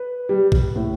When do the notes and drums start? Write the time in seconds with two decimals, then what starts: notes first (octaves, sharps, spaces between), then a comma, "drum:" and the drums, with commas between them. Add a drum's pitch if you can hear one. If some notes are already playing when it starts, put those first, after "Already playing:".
Already playing: B4
0.29 G3
0.52 drum: kick
0.76 A2